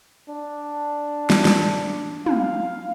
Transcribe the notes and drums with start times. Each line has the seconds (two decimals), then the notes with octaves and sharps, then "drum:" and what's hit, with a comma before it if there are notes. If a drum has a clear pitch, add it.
0.29 D4
1.30 drum: snare
1.45 drum: snare
2.26 F5, drum: tom